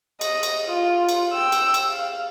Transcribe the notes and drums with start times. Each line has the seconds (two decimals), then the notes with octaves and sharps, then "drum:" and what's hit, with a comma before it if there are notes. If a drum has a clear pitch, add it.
0.21 D#5, drum: cymbal
0.43 drum: cymbal
0.68 F4
1.09 drum: cymbal
1.34 G5 E6
1.52 drum: cymbal
1.74 drum: cymbal
1.90 F5